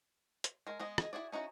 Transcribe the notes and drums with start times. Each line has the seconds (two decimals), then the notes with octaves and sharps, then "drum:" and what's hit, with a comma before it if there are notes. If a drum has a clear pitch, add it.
0.44 drum: hi-hat
0.67 G#3 A#4
0.79 G#3 B3 D#5
0.98 G#4 D#5, drum: rim click
1.13 E4 F#4 G#4 D5
1.32 C#4 D#4 E4 F#4